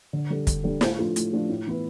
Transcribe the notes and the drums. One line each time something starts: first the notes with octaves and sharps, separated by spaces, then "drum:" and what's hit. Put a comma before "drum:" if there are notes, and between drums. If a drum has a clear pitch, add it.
D3
G3 D4 A4
D3, drum: kick, hi-hat
G3 D4 A4
A2, drum: snare
F3 A3 D4 F4
A2, drum: hi-hat
F3 A3 D4 F4
A2
E3 B3 E4 B4